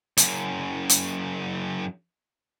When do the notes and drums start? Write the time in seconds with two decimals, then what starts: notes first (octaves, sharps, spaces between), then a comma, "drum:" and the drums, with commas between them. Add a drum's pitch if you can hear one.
0.17 F#2 C#3, drum: hi-hat
0.89 drum: hi-hat